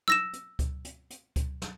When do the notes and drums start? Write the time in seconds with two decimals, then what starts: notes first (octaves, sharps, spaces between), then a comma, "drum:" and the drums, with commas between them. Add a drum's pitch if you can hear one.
0.08 E6 A#6 E7, drum: snare
0.33 drum: hi-hat
0.59 drum: kick C#2, hi-hat
0.85 drum: hi-hat
1.10 drum: hi-hat
1.36 drum: kick C#2, hi-hat
1.62 drum: snare